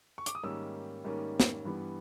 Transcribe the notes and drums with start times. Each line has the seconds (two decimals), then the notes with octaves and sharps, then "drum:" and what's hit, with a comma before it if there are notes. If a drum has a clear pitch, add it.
0.18 C#6
0.26 D6, drum: hi-hat
0.35 D#6
0.43 G#2 D#3 G3 A#3 C#4 E6
1.04 G#2 D#3 G3 A#3 C#4
1.40 drum: snare
1.65 G2 E3 G3 B3